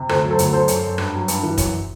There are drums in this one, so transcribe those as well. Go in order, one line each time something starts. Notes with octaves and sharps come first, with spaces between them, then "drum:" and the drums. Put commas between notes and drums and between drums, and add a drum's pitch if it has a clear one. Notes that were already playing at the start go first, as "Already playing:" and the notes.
Already playing: C3
D2 A4 C5, drum: rim click
F#3
A4 C5
D2, drum: hi-hat
F#3 A4 C5
F#2, drum: hi-hat
F#2
G2, drum: rim click
F#3
G2, drum: hi-hat
E3
F#2, drum: kick, hi-hat